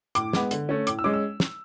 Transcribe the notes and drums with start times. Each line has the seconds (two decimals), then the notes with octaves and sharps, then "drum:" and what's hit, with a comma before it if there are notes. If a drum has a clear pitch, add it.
0.15 A2 D6, drum: hi-hat
0.33 G#3 B3, drum: snare
0.51 D3, drum: hi-hat
0.69 A3 C#4
0.87 A2 D6, drum: hi-hat
0.99 E6
1.04 G#3 C#4 D6
1.14 E6
1.40 drum: snare